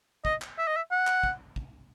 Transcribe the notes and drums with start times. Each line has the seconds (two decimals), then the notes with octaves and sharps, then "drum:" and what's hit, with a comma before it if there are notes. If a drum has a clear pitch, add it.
0.25 D#5, drum: kick
0.42 drum: clap
0.58 E5
0.68 D#5
0.77 E5
0.91 F#5
1.07 drum: clap
1.23 drum: kick
1.56 drum: kick